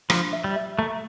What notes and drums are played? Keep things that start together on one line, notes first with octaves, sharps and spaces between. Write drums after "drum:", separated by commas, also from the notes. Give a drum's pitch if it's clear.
F3 D4, drum: rim click
E5
G3
E5
A3 A#4